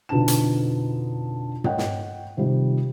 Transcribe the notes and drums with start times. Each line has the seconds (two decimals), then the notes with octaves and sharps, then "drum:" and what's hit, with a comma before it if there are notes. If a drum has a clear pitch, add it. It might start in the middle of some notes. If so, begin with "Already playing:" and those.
0.09 F2 B2 D3 D#4 A5 E7
0.28 drum: hi-hat
1.64 C#5 D#5 F#5 G5, drum: tom
1.78 drum: snare
2.37 C3 D#3 F3 G3